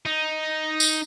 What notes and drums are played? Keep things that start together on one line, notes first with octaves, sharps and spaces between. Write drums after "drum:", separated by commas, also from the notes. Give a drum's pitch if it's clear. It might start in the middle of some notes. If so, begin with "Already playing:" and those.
D#4
drum: tambourine